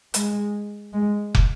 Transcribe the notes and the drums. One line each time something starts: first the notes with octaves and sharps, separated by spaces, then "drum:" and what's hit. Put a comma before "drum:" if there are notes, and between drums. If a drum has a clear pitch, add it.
G#3, drum: hi-hat
G#3
drum: kick